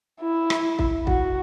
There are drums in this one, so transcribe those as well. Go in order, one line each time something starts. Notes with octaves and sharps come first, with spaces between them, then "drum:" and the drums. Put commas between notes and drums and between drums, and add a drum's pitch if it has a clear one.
E4
drum: rim click
drum: kick
F#4, drum: kick